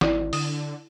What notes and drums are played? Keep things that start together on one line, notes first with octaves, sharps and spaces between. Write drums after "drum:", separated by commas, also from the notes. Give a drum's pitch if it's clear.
G#1 E4 D5, drum: snare
D3 D#6, drum: open hi-hat